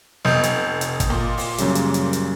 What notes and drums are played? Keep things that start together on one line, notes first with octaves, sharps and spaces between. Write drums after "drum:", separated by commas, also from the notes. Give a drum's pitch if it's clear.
F1 D#5 D#6 G6, drum: snare
drum: hi-hat
drum: hi-hat
drum: kick, hi-hat
A#2
drum: open hi-hat
F#2 C#3 G3, drum: hi-hat
drum: hi-hat
drum: hi-hat
drum: hi-hat